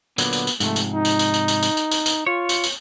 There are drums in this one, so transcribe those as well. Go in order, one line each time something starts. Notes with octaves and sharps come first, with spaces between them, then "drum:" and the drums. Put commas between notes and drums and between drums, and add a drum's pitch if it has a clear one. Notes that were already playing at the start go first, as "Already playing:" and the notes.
A#2 D3 F#3 B3, drum: tambourine
drum: tambourine
drum: tambourine
G#2 C3 F3 A3, drum: tambourine
drum: tambourine
D#4
drum: tambourine
drum: tambourine
drum: tambourine
drum: tambourine
drum: tambourine
drum: tambourine
drum: tambourine
drum: tambourine
F4 C#5
drum: tambourine
drum: tambourine